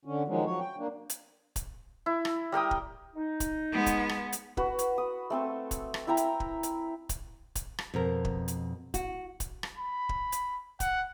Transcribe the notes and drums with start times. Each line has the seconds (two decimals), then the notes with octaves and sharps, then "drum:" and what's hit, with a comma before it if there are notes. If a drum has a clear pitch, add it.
0.05 D3 C#4
0.28 D#3 F3 F#3 G#3
0.46 F3 F#3 C#5
0.60 G5
0.79 A#3 D4
1.10 drum: hi-hat
1.56 drum: kick, hi-hat
2.06 E4
2.25 drum: rim click
2.52 G3 A#4 G5 D#6
2.71 drum: kick
3.15 D#4
3.40 drum: kick, hi-hat
3.72 G#3 B3
3.86 drum: kick, hi-hat
4.09 drum: rim click
4.32 drum: hi-hat
4.57 F#4 B4, drum: kick
4.79 drum: hi-hat
4.98 D#6
5.30 A3 C4 A4
5.71 drum: kick, hi-hat
5.94 drum: rim click
6.07 E4 E5 G5 A#5
6.17 drum: hi-hat
6.40 drum: kick
6.63 drum: hi-hat
7.09 drum: kick, hi-hat
7.55 drum: kick, hi-hat
7.78 drum: rim click
7.94 F2 B2 A#4
8.25 drum: kick
8.48 drum: hi-hat
8.94 F#4, drum: kick, hi-hat
9.40 drum: kick, hi-hat
9.63 drum: rim click
9.78 B5
10.09 drum: kick
10.32 drum: hi-hat
10.80 F#5, drum: kick, hi-hat